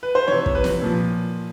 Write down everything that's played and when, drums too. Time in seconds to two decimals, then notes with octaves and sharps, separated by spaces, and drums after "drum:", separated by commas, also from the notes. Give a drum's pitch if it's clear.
0.03 B4
0.15 C5
0.28 C3 E3 C#5
0.46 drum: kick
0.55 B4
0.64 drum: snare
0.82 A#2 F3